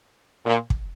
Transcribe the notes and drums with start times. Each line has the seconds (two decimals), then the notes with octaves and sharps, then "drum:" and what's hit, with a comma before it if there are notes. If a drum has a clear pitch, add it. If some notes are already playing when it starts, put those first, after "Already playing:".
0.46 A#2
0.70 drum: kick